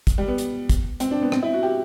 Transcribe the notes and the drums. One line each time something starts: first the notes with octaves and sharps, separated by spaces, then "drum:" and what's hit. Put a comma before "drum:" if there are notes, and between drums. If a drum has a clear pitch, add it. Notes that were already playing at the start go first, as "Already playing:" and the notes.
drum: kick, hi-hat
G3
B3
drum: hi-hat
drum: kick, hi-hat
C4, drum: hi-hat
D4
B3
C4, drum: rim click
E4
F#4
G4